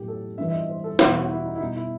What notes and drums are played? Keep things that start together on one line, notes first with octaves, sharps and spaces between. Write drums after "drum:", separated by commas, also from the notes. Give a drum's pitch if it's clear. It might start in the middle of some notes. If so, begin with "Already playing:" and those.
Already playing: A2 F#3 G4
A4
G2 E3 G3 E5
E5
D#5
C5
A4
E2 B2 G3 G4, drum: snare
F#4
E4
D#4
E4
B2 G3 D#4
E4